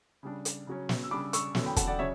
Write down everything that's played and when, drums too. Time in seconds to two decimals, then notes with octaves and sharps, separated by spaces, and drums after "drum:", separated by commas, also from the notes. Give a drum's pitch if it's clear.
0.23 C#3 G3 D4
0.45 drum: hi-hat
0.67 C#3 F#3 C#4
0.89 drum: snare
1.04 E6
1.11 C#3 G3 D4 B5 D6
1.33 C#6 E6, drum: hi-hat
1.55 E2 D3 F#3 C#4, drum: snare
1.66 G5 B5
1.76 F#5 A5, drum: kick, hi-hat
1.88 D5 F#5
1.99 C#3 F#3 C#4 C#5 E5